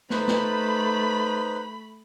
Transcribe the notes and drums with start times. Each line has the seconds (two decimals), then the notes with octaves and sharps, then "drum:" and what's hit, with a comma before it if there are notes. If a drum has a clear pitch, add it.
0.10 A3 D#4 B4 C5 B5, drum: snare
0.28 drum: snare